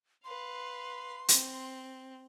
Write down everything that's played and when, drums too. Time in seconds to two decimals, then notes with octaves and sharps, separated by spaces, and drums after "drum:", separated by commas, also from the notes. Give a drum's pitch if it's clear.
0.24 B4 F5 C6
1.28 C4, drum: hi-hat